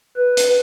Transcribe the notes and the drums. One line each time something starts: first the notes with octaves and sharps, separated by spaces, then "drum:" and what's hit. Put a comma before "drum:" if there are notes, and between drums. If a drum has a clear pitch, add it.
B4
drum: hi-hat